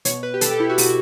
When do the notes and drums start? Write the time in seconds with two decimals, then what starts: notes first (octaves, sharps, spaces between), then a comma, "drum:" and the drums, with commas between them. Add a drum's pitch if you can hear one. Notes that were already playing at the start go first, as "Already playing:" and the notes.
0.05 B2 C#5, drum: hi-hat
0.23 B4
0.34 G4
0.41 B2 A4, drum: hi-hat
0.51 G4
0.60 E4
0.69 F#4
0.78 B2 E4, drum: open hi-hat
0.85 F#4